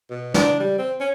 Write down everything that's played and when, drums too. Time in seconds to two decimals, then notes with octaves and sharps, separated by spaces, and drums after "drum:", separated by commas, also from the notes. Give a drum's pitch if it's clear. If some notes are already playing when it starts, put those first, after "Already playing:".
0.10 B2
0.34 D4, drum: snare
0.60 G3
0.79 C4
1.00 C#4